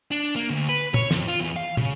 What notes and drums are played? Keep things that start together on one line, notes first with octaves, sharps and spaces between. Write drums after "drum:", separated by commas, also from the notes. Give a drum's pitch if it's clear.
D4
A#3
D2
B4
C#5, drum: tom
F2, drum: snare
F4
E2
F5
C#3, drum: tom